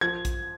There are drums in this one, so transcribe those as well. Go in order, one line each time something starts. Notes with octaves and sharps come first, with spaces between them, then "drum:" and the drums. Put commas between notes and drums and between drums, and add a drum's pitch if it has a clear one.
F3 G#6
drum: kick A#1, hi-hat